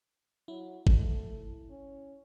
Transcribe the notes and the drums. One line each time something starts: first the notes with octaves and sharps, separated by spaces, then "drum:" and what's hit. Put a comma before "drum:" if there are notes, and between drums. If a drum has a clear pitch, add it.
F#3 E4
A3, drum: kick G1
C#4